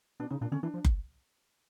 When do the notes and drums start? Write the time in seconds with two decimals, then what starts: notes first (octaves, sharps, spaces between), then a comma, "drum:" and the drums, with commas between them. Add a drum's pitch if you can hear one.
0.20 B2 D4
0.30 C#3 D#4
0.41 A#2 D4
0.52 D3 C#4
0.63 E3 D4
0.74 F3
0.85 drum: kick F#1